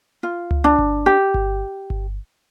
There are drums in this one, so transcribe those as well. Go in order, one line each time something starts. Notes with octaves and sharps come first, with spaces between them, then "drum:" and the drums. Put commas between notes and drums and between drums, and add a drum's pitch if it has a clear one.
F4
drum: tom C#2
D4
drum: kick G1
G4
drum: kick G1
drum: kick G1